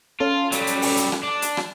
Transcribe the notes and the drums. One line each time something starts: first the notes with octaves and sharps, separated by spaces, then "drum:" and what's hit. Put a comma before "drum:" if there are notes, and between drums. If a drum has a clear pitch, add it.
C#4 F4 A4
F#3 G3, drum: hi-hat
drum: hi-hat
drum: open hi-hat
drum: hi-hat
drum: rim click
D4
drum: hi-hat
drum: rim click